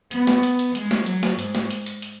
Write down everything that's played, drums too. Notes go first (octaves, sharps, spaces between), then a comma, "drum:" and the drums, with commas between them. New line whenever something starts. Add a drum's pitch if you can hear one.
B3, drum: hi-hat
drum: snare
drum: hi-hat
drum: hi-hat
G#3, drum: hi-hat
drum: snare
F#3, drum: hi-hat
drum: snare
G#2, drum: hi-hat
drum: snare
drum: hi-hat
drum: hi-hat
drum: hi-hat